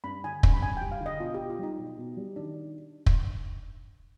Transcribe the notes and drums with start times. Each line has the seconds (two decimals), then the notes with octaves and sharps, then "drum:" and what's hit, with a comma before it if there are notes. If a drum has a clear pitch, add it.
0.04 G2 B5
0.24 D3 G#5
0.43 G2, drum: kick
0.54 B5
0.62 G2 G#5
0.77 G3 G5
0.92 F5
1.00 D3
1.06 D#5
1.20 B2 F4
1.34 G4
1.40 B2
1.50 F4
1.59 G3 D#4
1.78 B2
1.98 B2
2.17 G3
2.36 D#3 D4
3.06 drum: kick